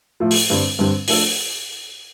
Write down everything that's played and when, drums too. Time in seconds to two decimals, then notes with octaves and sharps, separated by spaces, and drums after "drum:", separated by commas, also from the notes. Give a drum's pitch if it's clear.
0.20 A2 F3 A3
0.31 drum: open hi-hat
0.50 G2 D3 G3 C4
0.79 G2 D3 G3 C4
1.08 F3 A3 D4 A4, drum: open hi-hat